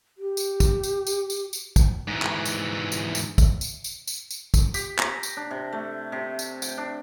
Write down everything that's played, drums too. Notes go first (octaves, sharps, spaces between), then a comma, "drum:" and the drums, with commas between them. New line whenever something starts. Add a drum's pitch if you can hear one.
G4
drum: tambourine
drum: kick, tambourine
drum: tambourine
drum: tambourine
drum: tambourine
drum: tambourine
drum: kick, tambourine
G#2 E3
drum: clap
drum: tambourine
drum: tambourine
drum: tambourine
drum: kick, tambourine
drum: tambourine
drum: tambourine
drum: tambourine
drum: tambourine
drum: kick, tambourine
G4, drum: tambourine
A#5, drum: clap
drum: tambourine
D4
C3
A3
C3
drum: tambourine
G5, drum: tambourine
D4